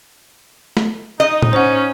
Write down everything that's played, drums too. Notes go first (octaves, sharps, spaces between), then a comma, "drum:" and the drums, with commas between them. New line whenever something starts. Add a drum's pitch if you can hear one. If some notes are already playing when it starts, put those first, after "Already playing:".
drum: snare
D#4 D#5
drum: tom A2
C#4 C5 F#5